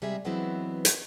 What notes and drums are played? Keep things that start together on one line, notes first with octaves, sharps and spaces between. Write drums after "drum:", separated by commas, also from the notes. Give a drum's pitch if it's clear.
C3 G3 G#3 G#4 E5
E3 F#3 G#3 B3 C4 E4
drum: hi-hat